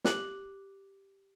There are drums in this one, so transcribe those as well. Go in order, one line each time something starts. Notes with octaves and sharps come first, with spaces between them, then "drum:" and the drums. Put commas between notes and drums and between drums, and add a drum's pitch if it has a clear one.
G4 D6 F#6 F#7, drum: snare